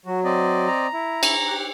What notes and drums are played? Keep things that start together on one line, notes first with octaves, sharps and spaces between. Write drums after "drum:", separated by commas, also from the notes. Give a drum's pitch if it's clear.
F#3 F#4
C4 D5 D#5
A#5
E4
drum: cymbal
G4 F#6